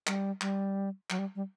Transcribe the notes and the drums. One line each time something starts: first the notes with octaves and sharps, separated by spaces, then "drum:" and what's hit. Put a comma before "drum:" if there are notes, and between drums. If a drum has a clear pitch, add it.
G3, drum: clap
G3, drum: clap
F#3, drum: clap
G3
G3